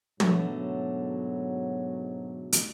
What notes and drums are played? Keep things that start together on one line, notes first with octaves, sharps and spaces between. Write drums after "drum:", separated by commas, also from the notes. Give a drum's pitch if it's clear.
G#2 B2 D3 F#3 A3, drum: tom
drum: hi-hat